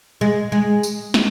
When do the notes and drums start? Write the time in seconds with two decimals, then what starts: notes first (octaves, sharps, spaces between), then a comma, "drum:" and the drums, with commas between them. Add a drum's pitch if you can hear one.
0.21 G#3
0.52 G#3
0.83 drum: tambourine
1.14 drum: snare